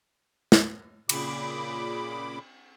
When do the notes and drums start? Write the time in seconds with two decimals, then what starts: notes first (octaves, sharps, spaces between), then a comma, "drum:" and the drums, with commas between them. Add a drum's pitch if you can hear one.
0.52 drum: snare
1.09 A#2 C#3 B5 D6, drum: cymbal